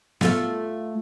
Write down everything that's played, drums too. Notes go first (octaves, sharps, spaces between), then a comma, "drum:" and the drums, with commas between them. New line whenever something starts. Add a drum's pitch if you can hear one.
A3 F4 A4, drum: snare B3